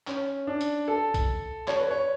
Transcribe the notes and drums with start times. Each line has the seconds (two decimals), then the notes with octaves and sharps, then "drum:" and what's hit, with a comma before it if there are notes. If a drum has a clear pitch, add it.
0.07 C#4, drum: clap
0.47 D4
0.61 drum: hi-hat
0.88 A4
1.14 drum: kick, hi-hat
1.68 C#5, drum: clap
1.79 B4
1.91 C#5